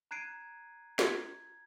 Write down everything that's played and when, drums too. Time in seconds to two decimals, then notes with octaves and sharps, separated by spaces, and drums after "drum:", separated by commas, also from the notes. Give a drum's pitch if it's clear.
0.11 A#5 F#6 G#6 C7 D7 D#7
0.99 G#6, drum: snare